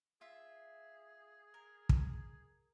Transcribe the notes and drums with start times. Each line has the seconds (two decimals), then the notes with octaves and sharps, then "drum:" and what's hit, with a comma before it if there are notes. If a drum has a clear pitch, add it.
0.21 F4 G#4 E5
1.54 A#4
1.89 drum: kick